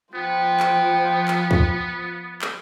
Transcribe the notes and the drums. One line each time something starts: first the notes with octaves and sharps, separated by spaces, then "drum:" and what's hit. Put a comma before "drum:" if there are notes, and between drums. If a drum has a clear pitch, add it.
F3 B3 C5 G5
drum: clap
drum: clap
drum: kick
drum: clap